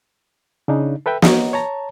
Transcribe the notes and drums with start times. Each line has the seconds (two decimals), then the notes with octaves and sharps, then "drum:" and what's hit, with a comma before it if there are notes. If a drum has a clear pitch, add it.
0.68 C#3 D4 D#4
1.06 A4 B4 E5 G5
1.22 C#5 D#5 F#5 A#5, drum: snare
1.53 C#5 A5 A#5